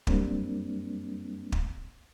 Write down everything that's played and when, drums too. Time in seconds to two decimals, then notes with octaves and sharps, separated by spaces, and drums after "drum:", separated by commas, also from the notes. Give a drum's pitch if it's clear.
0.07 F#2 G3 A#3 C4 D4, drum: kick
1.52 drum: kick